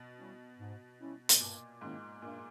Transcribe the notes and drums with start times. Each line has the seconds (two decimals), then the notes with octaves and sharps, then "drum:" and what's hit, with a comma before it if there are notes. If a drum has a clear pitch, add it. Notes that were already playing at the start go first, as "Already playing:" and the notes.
Already playing: B2
0.18 G3 C#4 E4
0.59 G#2
0.99 G3 C#4 E4
1.29 B2, drum: hi-hat
1.40 G2 A#2
1.81 G#2 D#3 A#3 C#4 E4
2.22 G2 A#2